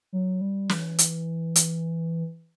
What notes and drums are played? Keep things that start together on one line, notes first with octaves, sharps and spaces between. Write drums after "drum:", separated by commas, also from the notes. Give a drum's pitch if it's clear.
F#3
G3
E3, drum: snare
drum: hi-hat
drum: hi-hat